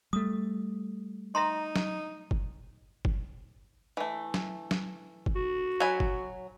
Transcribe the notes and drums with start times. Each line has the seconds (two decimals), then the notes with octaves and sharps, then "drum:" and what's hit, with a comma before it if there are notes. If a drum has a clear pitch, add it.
0.13 G3 A3 D#6
1.35 D#4 E5 A#5 C6
1.76 drum: snare
2.31 drum: kick F#1
3.05 drum: kick F#1
3.97 E3 A3
4.34 drum: snare
4.71 drum: snare
5.26 drum: kick F#1
5.35 F#4
5.80 F#3 G#5 B5
6.00 drum: kick F#1